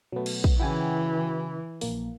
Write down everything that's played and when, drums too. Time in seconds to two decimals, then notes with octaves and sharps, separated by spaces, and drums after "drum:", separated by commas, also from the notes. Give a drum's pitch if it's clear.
0.12 B2 F#3 A3 B3
0.26 drum: cymbal
0.44 drum: kick
0.60 C#3 E3 E4 F#4 G5 G#5
1.81 A#1 A#3, drum: open hi-hat